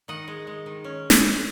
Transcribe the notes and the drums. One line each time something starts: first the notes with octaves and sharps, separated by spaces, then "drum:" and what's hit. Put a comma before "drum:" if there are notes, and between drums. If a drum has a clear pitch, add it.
D#3 D#5 F#5
G#3
G#3
D#3
C#4
drum: snare